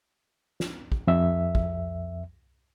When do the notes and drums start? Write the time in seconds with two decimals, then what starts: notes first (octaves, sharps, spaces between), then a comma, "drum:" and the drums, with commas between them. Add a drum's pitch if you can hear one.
0.60 drum: snare
0.92 drum: kick
1.07 F2 E5
1.55 drum: kick